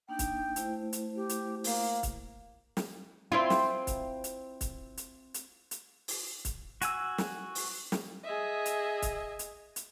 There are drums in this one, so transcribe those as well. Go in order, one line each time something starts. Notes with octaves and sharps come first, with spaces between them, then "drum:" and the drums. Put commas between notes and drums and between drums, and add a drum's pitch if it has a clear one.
A#3 D4 D#4 G5
drum: kick C#1, hi-hat
A3 E4 C5, drum: hi-hat
drum: hi-hat
G4
drum: hi-hat
A#3, drum: open hi-hat
drum: kick C#1, hi-hat
drum: snare
C4 E4 F4
drum: snare
drum: kick C#1, hi-hat
drum: hi-hat
drum: kick C#1, hi-hat
drum: hi-hat
drum: hi-hat
drum: hi-hat
drum: open hi-hat
drum: kick C#1, hi-hat
F#4 G#5 E6, drum: hi-hat
drum: snare
drum: open hi-hat
drum: snare
G#4 D#5 E5
drum: hi-hat
drum: kick C#1, hi-hat
drum: hi-hat
drum: hi-hat